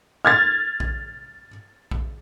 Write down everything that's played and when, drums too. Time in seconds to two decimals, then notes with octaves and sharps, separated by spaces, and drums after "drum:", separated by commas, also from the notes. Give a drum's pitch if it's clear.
0.25 F6 G#6 A6
0.80 drum: kick A#1
1.91 drum: kick A#1